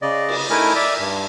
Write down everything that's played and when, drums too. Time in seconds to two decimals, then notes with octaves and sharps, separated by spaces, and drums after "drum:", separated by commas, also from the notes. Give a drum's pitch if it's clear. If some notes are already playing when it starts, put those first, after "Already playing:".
0.02 C#3 D5 D#5
0.29 drum: cymbal
0.50 A3 D#4 E4 A#4 G#5
0.75 D5 E5
0.99 G2